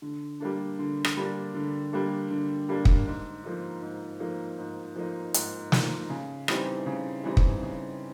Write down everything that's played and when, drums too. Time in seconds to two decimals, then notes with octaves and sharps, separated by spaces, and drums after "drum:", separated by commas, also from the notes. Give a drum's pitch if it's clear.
0.02 D3
0.40 G3 A#3 D4
0.79 D3
1.05 drum: rim click
1.17 G3 A#3 D4
1.54 D3
1.93 G3 A#3 D4
2.30 D3
2.69 G3 A#3 D4
2.85 drum: kick
3.06 G#2
3.44 F3 A#3 D#4
3.82 G#2
4.20 F3 A#3 D#4
4.58 G#2
4.96 F3 A#3 D#4
5.34 G#2, drum: hi-hat
5.72 F3 A#3 D#4, drum: snare
6.10 C#3
6.48 E3 G3 C4 D#4, drum: rim click
6.86 C#3
7.24 E3 G3 C4 D#4
7.37 drum: kick
7.62 C#3